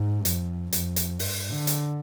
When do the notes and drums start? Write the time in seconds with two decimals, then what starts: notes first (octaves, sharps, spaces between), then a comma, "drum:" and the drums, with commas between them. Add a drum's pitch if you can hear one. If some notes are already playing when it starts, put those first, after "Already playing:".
Already playing: G#2
0.25 F2, drum: hi-hat
0.73 F2, drum: hi-hat
0.96 drum: hi-hat
1.19 G2, drum: open hi-hat
1.52 D3
1.67 drum: hi-hat